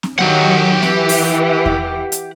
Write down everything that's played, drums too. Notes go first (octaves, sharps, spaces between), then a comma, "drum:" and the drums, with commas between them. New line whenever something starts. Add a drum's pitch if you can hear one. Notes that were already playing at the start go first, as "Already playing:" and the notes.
drum: snare
D#3 F#3 G4 F#5
E3, drum: snare
drum: open hi-hat
drum: kick E2
drum: hi-hat